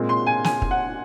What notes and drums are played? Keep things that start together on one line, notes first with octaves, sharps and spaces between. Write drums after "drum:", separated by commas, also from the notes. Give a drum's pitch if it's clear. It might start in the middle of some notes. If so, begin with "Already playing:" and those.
Already playing: A#2 G#3 C4
C6
G#5
G#5, drum: snare
drum: kick
F#5